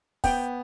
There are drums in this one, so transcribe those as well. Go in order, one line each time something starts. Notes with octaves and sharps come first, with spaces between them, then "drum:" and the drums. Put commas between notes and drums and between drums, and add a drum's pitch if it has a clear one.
B3 G5, drum: kick, open hi-hat